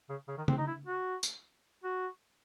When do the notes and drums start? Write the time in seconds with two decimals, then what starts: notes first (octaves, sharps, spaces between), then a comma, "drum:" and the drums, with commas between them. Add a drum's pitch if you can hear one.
0.09 C#3
0.28 C#3
0.37 D#3
0.48 C4, drum: tom C#3
0.58 D#4
0.67 E4
0.86 F#4
1.23 drum: tambourine
1.84 F#4